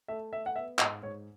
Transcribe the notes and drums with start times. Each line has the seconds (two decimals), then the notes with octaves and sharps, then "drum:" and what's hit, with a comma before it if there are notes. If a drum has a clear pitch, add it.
0.08 A3 E5
0.32 A3 E5
0.46 F#5
0.56 B3 E5
0.79 G#2 D#5, drum: clap
1.03 G#2 C#5